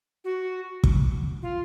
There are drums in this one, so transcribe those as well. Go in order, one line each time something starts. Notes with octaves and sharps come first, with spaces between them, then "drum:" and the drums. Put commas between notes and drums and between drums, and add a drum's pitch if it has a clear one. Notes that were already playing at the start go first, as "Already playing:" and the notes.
F#4
drum: kick
F4